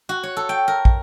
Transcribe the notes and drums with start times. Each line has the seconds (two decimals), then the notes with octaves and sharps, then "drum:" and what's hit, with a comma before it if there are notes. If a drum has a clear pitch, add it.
0.09 F#4
0.23 C#5
0.37 A4
0.49 G5
0.68 A#4
0.85 drum: kick